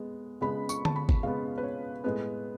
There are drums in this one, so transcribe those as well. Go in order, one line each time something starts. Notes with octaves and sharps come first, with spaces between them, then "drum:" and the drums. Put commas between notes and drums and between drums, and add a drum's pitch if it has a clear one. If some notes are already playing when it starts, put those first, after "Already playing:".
Already playing: G#3 B3
C#3 G#3 B3 B5
C#6, drum: tambourine
A5, drum: tom D3
B5
drum: kick G#1
C#3 G#3 B3 F5
B4
C#5
A2 G#3 B3 B4